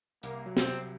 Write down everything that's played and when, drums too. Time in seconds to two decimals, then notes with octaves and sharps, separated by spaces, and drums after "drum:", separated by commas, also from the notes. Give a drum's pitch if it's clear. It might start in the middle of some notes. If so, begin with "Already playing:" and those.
0.23 C2 A#3, drum: hi-hat
0.46 F#3
0.57 C4, drum: snare
0.68 C3